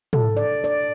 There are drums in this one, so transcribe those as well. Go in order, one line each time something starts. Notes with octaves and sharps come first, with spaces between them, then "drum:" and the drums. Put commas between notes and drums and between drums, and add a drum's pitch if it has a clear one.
A4, drum: tom
D5
D5